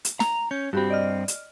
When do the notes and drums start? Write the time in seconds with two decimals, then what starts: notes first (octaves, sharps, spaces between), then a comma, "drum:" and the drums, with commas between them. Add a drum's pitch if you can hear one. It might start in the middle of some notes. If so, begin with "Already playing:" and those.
0.05 drum: hi-hat
0.20 A#5, drum: snare
0.32 F7
0.51 C#4 G6
0.73 G2 C4 F#4 G4 B5
0.90 D5 D#5 F6
1.28 drum: hi-hat